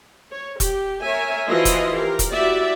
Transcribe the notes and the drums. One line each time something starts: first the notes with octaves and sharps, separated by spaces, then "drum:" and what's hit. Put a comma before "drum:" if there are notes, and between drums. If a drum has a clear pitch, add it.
C#5
G4, drum: kick E1, hi-hat
A#4 C#5 E5 G#5
E3 F3 E4 F#4 D#5 C6
drum: kick E1, hi-hat
G4 A#4
drum: kick E1, hi-hat
E4 F#4 G4 D5 E5